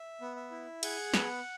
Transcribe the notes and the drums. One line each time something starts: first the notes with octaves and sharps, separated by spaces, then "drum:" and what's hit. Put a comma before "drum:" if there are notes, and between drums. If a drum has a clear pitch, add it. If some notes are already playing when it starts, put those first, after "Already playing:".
Already playing: E5
B3
E5
E4
G#4 F#5, drum: cymbal
B3, drum: snare